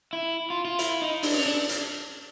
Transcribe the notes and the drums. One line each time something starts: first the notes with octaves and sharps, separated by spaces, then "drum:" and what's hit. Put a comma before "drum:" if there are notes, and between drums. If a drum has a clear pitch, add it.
E4
F4
F4
E4, drum: hi-hat
D#4
D4, drum: open hi-hat
C#4
D4
drum: hi-hat